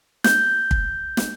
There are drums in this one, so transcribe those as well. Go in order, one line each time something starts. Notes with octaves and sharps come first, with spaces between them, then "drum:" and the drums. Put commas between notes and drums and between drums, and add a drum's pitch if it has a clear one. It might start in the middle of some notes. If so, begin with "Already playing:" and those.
G6, drum: snare
drum: kick
drum: snare